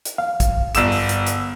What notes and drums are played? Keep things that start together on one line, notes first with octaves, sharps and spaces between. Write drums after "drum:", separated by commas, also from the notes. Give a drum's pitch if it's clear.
drum: hi-hat
F5
drum: kick, hi-hat
G1 E6 E7, drum: hi-hat
drum: open hi-hat
drum: hi-hat
drum: hi-hat